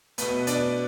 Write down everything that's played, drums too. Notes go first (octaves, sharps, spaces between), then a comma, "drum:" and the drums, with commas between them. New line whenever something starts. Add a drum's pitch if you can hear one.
B2 A3 B3 B4, drum: hi-hat
D4 D5, drum: hi-hat